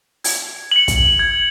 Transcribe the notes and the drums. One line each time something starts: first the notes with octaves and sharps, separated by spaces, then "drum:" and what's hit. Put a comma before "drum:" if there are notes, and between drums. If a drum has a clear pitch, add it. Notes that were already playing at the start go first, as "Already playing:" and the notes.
G#6, drum: open hi-hat
C#7 F#7
drum: kick, hi-hat
G#6